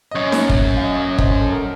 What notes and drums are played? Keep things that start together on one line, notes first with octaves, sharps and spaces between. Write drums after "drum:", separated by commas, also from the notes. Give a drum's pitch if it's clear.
D#5
F#2 C#5
drum: snare D#4
drum: kick
F5
D#5
C#5
D#5
C5, drum: kick
A4
A#4